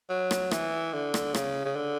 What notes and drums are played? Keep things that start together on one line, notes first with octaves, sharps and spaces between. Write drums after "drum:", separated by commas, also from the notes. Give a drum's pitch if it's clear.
F#3
drum: rim click
E3, drum: rim click
D3
drum: rim click
C#3, drum: rim click
C#3
D3